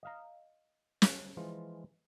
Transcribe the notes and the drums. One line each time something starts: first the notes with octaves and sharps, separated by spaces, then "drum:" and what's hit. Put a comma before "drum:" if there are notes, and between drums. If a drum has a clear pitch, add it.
D#5 F5 A#5
drum: snare
E3 F3 G#3 F4